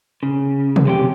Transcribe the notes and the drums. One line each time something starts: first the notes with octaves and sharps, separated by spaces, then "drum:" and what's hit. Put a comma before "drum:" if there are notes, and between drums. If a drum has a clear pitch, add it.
C#3
drum: tom
F#2 C3 C#4 G4